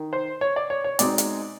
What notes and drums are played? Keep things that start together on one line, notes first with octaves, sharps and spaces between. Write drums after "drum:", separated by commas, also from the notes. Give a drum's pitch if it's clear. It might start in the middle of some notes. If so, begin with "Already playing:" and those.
Already playing: D#3
C5
C#5
D5
C#5
C#5
B2 G#3 C4 D#4 D5, drum: hi-hat
drum: hi-hat